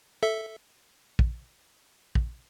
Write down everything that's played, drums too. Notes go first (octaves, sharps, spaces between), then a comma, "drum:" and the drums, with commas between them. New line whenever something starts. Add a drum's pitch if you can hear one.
A4 E5
drum: kick
drum: kick